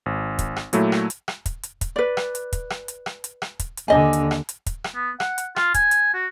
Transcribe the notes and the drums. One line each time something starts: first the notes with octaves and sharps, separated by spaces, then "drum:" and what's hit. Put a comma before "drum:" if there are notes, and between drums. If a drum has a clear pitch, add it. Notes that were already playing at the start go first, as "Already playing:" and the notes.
G#1
drum: kick, hi-hat
drum: rim click
A#2 F#3 A3 E4, drum: hi-hat
drum: rim click
drum: hi-hat
drum: rim click
drum: kick, hi-hat
drum: hi-hat
drum: kick, hi-hat
B4 D5
drum: rim click
drum: hi-hat
drum: kick, hi-hat
drum: rim click
drum: hi-hat
drum: rim click
drum: hi-hat
drum: rim click
drum: kick, hi-hat
drum: hi-hat
D#2 D3 D4 D#5 G#5
drum: hi-hat
drum: rim click
drum: hi-hat
drum: kick, hi-hat
drum: rim click
B3
F#5, drum: rim click
drum: hi-hat
F4, drum: rim click
G#5, drum: kick, hi-hat
drum: hi-hat
F#4